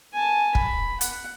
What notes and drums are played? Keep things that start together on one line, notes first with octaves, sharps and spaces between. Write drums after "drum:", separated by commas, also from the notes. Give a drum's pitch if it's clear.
G#5 A5
B5, drum: kick
F#5, drum: hi-hat